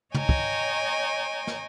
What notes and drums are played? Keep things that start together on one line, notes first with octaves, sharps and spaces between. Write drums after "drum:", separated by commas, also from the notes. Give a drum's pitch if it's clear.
C#5 D#5 G5 G#5 A#5, drum: tom
drum: kick
drum: snare